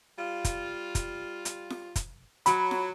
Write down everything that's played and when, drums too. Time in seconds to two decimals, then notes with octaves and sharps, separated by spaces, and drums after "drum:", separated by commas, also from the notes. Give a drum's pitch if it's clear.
0.18 G3 F4
0.45 drum: kick, hi-hat
0.95 drum: kick, hi-hat
1.45 drum: hi-hat
1.70 drum: snare F4
1.96 drum: kick, hi-hat
2.46 F#3 B5, drum: hi-hat
2.71 drum: snare F4